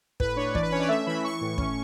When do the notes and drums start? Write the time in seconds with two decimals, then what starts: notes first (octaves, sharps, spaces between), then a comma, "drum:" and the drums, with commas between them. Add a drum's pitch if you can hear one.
0.20 A2 B4, drum: kick
0.36 D4 C#5
0.55 E3 D5, drum: kick
0.62 B4
0.71 C#4 C#5
0.80 D5
0.88 A3 E5
1.06 E3 B5
1.23 E3 C#6
1.41 A2
1.58 C#4, drum: kick